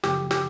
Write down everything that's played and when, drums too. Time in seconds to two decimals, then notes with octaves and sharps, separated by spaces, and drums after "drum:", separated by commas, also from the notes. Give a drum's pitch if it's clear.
0.04 F#2 C#3 F3 A3 G4, drum: snare
0.31 G4, drum: snare